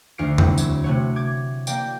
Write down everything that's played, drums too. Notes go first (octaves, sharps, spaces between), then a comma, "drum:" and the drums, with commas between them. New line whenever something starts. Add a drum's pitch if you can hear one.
D2 F6 C7 D7
C4 E4, drum: tom E2
F#3, drum: tambourine
C3 A3 F#4 C#5
D6 G#6
A#3 D5 G5, drum: tambourine